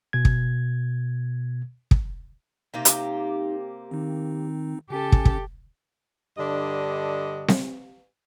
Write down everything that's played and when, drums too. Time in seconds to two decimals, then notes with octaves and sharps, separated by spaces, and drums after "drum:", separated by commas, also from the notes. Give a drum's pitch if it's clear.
0.13 B2 G#6
0.25 drum: kick
1.91 drum: kick
2.74 C3 A#3 D#4 G4
2.85 drum: hi-hat
3.91 D#3 C4 D#4
4.90 C#3 C#4 G4 A4 G#5
5.12 drum: kick
5.25 drum: kick
6.38 G2 D3 D4 D#5
7.48 drum: snare C4